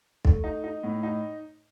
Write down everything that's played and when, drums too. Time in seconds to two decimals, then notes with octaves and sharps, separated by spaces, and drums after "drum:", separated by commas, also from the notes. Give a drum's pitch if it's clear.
0.25 A3, drum: kick
0.44 D#4
0.64 D#4
0.84 A2
1.03 D#4